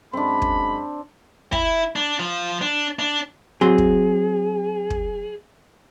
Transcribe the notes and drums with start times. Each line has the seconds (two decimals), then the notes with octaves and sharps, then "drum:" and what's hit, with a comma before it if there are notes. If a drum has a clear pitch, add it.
0.13 F#2 G#3 C4 D4 B5
0.42 drum: kick
1.52 E4, drum: kick
1.96 D4
2.20 F3
2.61 D4
2.99 D4
3.61 F#3 C4 G#4 C6
3.78 drum: kick
4.90 drum: kick